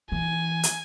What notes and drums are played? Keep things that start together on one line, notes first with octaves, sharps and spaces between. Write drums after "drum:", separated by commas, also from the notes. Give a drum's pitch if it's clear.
E3 G#5
drum: hi-hat